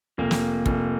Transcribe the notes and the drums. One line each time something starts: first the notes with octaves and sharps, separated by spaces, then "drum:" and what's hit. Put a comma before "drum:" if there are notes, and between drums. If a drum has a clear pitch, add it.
F1 A#3
drum: snare
F1, drum: kick